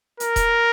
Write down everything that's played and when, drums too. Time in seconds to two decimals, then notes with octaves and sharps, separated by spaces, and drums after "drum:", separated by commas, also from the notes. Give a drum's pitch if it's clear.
0.20 A#4, drum: hi-hat
0.36 drum: kick D#1, hi-hat